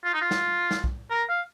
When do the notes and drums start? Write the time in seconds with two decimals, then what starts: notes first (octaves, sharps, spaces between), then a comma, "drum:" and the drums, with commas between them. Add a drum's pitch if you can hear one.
0.04 F4
0.13 D#4
0.21 F4
0.31 drum: snare
0.71 drum: snare
0.84 drum: kick
1.10 A#4
1.29 F5